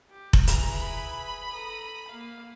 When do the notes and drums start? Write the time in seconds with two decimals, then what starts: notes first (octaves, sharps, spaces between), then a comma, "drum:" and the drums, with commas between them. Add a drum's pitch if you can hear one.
0.10 G4
0.33 drum: kick F1
0.47 E4 G#4 B4 A#5, drum: hi-hat
0.76 B5
1.51 A4 A#5 D#6
2.08 A#3 F5